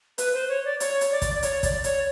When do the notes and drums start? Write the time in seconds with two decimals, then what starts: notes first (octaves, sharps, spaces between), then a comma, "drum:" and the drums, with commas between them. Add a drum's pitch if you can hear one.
0.18 B4, drum: hi-hat
0.34 C5
0.49 C#5
0.65 D5
0.80 C#5, drum: hi-hat
1.01 drum: hi-hat
1.12 D5
1.22 drum: kick, hi-hat
1.34 D5
1.43 C#5, drum: hi-hat
1.63 D5, drum: kick, hi-hat
1.84 C#5, drum: hi-hat